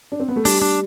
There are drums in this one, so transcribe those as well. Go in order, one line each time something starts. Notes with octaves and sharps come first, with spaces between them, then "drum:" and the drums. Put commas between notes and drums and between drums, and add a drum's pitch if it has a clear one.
D4
C4
B3
A3
G3 D4, drum: open hi-hat
D4